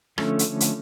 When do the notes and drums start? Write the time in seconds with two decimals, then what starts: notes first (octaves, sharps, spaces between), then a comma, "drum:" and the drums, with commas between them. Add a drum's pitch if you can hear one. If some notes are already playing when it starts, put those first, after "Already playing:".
0.18 D3 F3 A3 C#4, drum: rim click
0.39 drum: hi-hat
0.60 drum: hi-hat